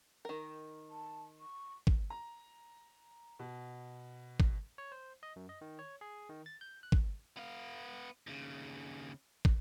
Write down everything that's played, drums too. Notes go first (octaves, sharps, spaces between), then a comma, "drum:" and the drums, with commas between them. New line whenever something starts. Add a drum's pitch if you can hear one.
D#3 A#4
A5
C#6
drum: kick
A#5
B2
drum: kick
C#5
C5
D#5
F#2
D#5
D#3
C#5
G#4
D#3
A6
G6
F#6
drum: kick
B3 F5
D#2 C#3
drum: kick